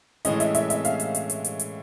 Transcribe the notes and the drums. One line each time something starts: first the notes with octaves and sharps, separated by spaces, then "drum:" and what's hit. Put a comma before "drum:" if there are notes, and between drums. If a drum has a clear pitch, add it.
A2 E3 G#3 C#4 D#5, drum: hi-hat
E5, drum: hi-hat
E5, drum: hi-hat
E5, drum: hi-hat
F5, drum: hi-hat
drum: hi-hat
drum: hi-hat
drum: hi-hat
drum: hi-hat
drum: hi-hat